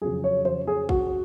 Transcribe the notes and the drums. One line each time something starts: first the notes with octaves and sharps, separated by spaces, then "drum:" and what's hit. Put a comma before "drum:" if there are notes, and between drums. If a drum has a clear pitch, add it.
F2 C#3 F#3 G#4
C#5
C5, drum: tom E3
G#4
F#4, drum: kick